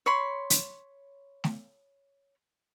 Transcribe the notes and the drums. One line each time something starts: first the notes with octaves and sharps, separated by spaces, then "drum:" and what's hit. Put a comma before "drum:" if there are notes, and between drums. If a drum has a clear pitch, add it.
C#5 B5 C6
drum: hi-hat
drum: snare A3